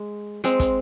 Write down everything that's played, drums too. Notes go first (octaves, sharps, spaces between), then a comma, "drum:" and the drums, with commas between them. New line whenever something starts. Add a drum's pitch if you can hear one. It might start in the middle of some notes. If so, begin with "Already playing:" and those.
Already playing: G#3
G#3 C4, drum: hi-hat
drum: kick, hi-hat